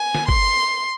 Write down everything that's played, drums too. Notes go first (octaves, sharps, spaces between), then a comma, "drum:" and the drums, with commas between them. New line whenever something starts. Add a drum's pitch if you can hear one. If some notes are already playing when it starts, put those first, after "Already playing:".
Already playing: G#5
drum: snare
C6, drum: kick G1